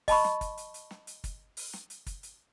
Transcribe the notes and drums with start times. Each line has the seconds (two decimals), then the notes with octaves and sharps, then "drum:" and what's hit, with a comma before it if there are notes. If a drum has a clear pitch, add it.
0.08 D#5 A5 B5 C#6, drum: kick, open hi-hat
0.24 drum: snare
0.41 drum: kick, hi-hat
0.57 drum: hi-hat
0.74 drum: hi-hat
0.91 drum: snare
1.07 drum: hi-hat
1.24 drum: kick, hi-hat
1.57 drum: open hi-hat
1.73 drum: snare
1.90 drum: hi-hat
2.06 drum: kick, hi-hat
2.23 drum: hi-hat